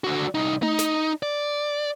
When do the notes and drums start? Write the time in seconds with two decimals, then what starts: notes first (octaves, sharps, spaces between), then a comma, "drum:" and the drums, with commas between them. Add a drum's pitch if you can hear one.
0.04 D3 F#4
0.35 C2 D#4
0.63 D#4, drum: tom A3
0.79 drum: snare
1.23 D5